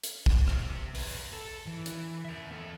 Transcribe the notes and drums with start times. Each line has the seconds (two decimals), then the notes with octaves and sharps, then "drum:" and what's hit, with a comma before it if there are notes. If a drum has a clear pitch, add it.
0.03 drum: hi-hat
0.26 drum: kick
0.48 C4 G4, drum: rim click
0.95 G#4 B4, drum: open hi-hat
1.33 A4
1.66 E3
1.86 drum: hi-hat
2.24 A#4 E5
2.51 C4 A4